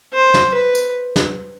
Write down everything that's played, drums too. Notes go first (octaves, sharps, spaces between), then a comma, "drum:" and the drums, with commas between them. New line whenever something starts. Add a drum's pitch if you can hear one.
C5
drum: snare
B4
drum: tambourine
drum: snare